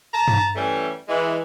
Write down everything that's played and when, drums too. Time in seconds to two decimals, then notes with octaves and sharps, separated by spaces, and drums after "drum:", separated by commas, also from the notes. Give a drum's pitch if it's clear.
0.14 A5 A#5
0.28 drum: tom G2
0.55 E3 G3 A3 C#4
1.08 E3 G#3